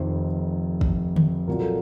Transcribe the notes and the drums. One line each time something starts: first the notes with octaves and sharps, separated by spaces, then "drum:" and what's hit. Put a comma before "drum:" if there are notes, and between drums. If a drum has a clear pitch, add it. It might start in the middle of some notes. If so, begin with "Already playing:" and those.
Already playing: F1 F2 D#3 C5
drum: kick
drum: tom D3
C2 A#2 F#3 A#4
A4